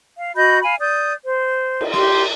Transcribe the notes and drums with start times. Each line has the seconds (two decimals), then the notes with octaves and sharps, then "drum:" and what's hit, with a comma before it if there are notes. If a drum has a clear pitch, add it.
0.17 F5
0.36 F#4 D#5 B5 G6
0.62 F5 G#5 B5
0.79 D5 D#6 G6
1.24 C5
1.81 drum: cymbal
1.94 G4 C6, drum: rim click